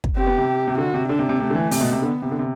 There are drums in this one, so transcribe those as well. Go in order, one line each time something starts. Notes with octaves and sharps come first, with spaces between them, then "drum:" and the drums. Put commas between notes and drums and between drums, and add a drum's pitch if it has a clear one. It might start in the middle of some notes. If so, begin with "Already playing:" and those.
drum: kick
C4 G4
B3
C3
C3
D3 F#4
C3
D3 D4
C3
C3
C3 A3
D3
E3
C3, drum: open hi-hat
B2
C3
D3 B3
C3
D3
C3